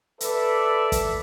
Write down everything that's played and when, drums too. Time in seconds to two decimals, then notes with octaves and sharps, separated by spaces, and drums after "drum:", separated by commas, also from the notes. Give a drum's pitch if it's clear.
0.20 A4 B4 D5 E5, drum: hi-hat
0.92 drum: kick, hi-hat